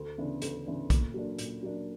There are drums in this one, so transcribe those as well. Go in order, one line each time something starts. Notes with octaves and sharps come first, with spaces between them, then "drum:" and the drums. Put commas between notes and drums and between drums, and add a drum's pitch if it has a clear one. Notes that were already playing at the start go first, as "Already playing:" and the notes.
Already playing: D2
C#3 E3 B3 D4
D2, drum: hi-hat
C#3 E3 B3 D4
A#2, drum: kick, hi-hat
F#3 A#3 D4
A#2, drum: hi-hat
F#3 A#3 D4